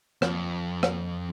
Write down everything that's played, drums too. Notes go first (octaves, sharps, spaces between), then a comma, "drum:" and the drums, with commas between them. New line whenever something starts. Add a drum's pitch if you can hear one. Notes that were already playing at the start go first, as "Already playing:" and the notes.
F2, drum: rim click
drum: rim click